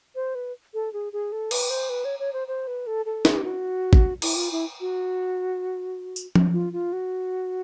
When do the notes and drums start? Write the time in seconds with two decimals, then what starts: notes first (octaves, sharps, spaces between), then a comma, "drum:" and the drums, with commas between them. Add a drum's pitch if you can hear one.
0.15 C5
0.35 B4
0.74 A4
0.93 G#4
1.13 G#4
1.32 A4
1.51 B4, drum: cymbal
1.70 C5
1.89 B4
2.05 C#5
2.19 C#5
2.33 C5
2.48 C5
2.67 B4
2.87 A4
3.06 A4
3.25 G#4, drum: snare
3.37 G4
3.44 F#4
3.93 drum: kick G#1
4.22 E4, drum: cymbal
4.36 F4
4.51 E4
4.80 F#4
6.16 drum: tambourine
6.35 drum: tom F3
6.53 F4
6.73 F4
6.93 F#4